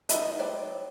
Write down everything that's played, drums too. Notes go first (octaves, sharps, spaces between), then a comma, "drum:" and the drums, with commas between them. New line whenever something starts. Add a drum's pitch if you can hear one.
B3 D#4 E4 D#5 E5, drum: hi-hat
F#3 C5 D5 G5 A5